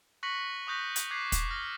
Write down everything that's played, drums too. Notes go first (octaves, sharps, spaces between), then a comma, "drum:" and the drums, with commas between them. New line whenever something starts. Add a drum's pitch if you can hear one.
C#6 F#6 A#6 B6 C#7 F#7
C#6 D#6 F#6 G6 A#6 B6
drum: hi-hat
D6 F#6 G#6 B6 C7
drum: kick, hi-hat
F6 A#6